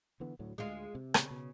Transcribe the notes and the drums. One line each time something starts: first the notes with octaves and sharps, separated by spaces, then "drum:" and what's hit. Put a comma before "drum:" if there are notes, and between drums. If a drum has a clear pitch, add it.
D3 E3 B3
D2 A2 F#3
D2 G#3 F4
C3
C#3, drum: rim click
B2